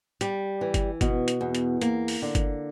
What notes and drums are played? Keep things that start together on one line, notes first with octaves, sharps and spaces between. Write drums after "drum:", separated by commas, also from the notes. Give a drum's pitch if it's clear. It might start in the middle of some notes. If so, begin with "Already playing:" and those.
G3, drum: hi-hat
E3
drum: kick G1, hi-hat
B2, drum: kick G1, hi-hat
drum: hi-hat
E2
drum: hi-hat
A#3, drum: hi-hat
drum: open hi-hat
D3
drum: kick G1, hi-hat